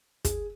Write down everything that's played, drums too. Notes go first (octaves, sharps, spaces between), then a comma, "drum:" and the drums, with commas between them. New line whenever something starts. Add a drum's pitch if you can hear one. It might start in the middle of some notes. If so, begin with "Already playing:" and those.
G#4, drum: kick, hi-hat